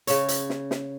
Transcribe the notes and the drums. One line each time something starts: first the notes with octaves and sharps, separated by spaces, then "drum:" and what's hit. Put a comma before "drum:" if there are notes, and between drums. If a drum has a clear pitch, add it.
C#3 C#5, drum: hi-hat
drum: hi-hat
drum: snare
drum: snare